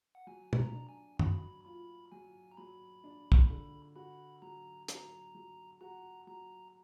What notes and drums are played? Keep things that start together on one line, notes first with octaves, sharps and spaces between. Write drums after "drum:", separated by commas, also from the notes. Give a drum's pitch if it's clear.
F#5
F#3 G#5
B5, drum: tom
A#5
D4
G#5
F#3 B5, drum: tom
F4 B5
F#3 G#5
A#5
F#3 B5
D4
drum: kick
D3
F#4 B5
F#3 A#5
F#3 A#5, drum: hi-hat
F#3
F#4 A#5
F#3 A#5